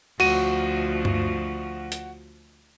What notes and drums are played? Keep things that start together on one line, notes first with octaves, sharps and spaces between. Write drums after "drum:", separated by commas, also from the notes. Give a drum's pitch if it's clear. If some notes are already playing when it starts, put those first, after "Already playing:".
D2 F3 F#4 D#7, drum: cymbal
drum: tom G2
drum: hi-hat